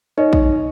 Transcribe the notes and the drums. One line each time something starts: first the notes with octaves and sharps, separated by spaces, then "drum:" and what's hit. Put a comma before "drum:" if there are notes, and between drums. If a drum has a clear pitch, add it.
D#4 C#5 D#5
drum: kick